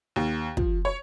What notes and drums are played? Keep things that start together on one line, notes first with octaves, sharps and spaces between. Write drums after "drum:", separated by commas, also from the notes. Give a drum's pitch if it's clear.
D#2
F3, drum: kick
C#5